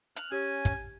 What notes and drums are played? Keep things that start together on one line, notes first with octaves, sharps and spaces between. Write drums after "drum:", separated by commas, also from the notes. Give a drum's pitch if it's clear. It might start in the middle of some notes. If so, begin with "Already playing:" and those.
F6 F#6, drum: hi-hat
C#4 G4 G#5
drum: kick, hi-hat